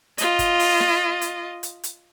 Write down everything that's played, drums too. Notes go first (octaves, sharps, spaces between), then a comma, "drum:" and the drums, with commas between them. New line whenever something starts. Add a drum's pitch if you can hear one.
F4 D#5, drum: hi-hat
drum: kick G1, hi-hat
drum: open hi-hat
drum: snare
drum: hi-hat
drum: hi-hat
drum: hi-hat